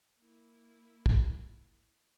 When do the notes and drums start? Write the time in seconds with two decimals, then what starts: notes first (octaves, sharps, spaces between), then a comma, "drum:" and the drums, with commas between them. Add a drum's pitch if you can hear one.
0.20 A#3 E4
1.06 drum: kick